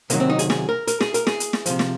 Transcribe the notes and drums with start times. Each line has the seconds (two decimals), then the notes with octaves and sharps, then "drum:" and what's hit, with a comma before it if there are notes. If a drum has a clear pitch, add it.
0.10 C3 D#3 F#3 A#3, drum: hi-hat
0.20 C4
0.30 D#4
0.39 G#4, drum: hi-hat
0.50 G#4, drum: snare
0.69 A#4
0.88 A#4, drum: hi-hat
1.01 G#4, drum: snare
1.14 A#4, drum: hi-hat
1.27 G#4, drum: snare
1.40 drum: hi-hat
1.53 drum: snare
1.66 C3 F3, drum: hi-hat
1.79 drum: snare